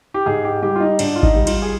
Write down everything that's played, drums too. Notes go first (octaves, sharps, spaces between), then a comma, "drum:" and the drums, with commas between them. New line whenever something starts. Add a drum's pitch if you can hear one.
G4
G#2 G#4
G4
G3 G4
F4
D#4
G#2 D4, drum: cymbal
F4
D#4, drum: kick G#1
G3
F4, drum: cymbal
G#4